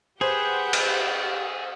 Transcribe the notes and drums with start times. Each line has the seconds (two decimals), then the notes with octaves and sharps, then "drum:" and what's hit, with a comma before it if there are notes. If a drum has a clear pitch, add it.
0.21 G4 G#4 B4 C5 F#5 G6
0.73 drum: cymbal